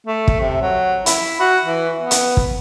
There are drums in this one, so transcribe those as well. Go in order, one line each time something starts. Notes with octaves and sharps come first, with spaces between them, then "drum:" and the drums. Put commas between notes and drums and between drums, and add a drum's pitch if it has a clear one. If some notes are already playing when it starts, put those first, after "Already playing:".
A3
drum: kick
C3
F#3
E4, drum: hi-hat
F#4
E3
B3
drum: hi-hat
drum: kick